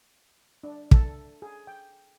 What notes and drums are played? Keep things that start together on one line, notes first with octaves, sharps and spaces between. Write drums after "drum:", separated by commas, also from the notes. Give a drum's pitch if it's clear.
D4
A4, drum: kick
G#4
G5